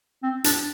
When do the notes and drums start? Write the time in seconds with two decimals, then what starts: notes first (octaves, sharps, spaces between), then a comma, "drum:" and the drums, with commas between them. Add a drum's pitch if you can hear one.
0.23 C4
0.44 D4, drum: hi-hat